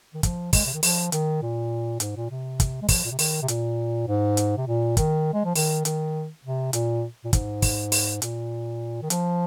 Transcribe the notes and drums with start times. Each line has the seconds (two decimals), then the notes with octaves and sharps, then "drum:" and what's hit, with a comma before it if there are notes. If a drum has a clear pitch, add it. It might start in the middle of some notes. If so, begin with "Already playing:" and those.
0.14 D#3
0.23 F3, drum: kick, hi-hat
0.53 G#3, drum: kick, open hi-hat
0.65 C3
0.73 D#3
0.83 F3, drum: open hi-hat
1.12 D#3, drum: hi-hat
1.42 A#2
2.00 G#2, drum: hi-hat
2.16 A#2
2.31 C3
2.60 drum: kick, hi-hat
2.82 G#3
2.89 F3, drum: kick, open hi-hat
3.04 A#2
3.11 C3
3.19 D#3, drum: open hi-hat
3.42 C3
3.48 A#2, drum: hi-hat
4.08 G#2
4.37 drum: hi-hat
4.57 C3
4.67 A#2
4.97 D#3, drum: kick, hi-hat
5.34 G#3
5.45 F3
5.56 D#3, drum: open hi-hat
5.85 D#3, drum: hi-hat
6.45 C3
6.73 A#2, drum: hi-hat
7.24 A#2
7.33 G#2, drum: kick, hi-hat
7.62 drum: kick, open hi-hat
7.92 drum: open hi-hat
8.22 A#2, drum: hi-hat
9.02 D#3
9.10 F3, drum: hi-hat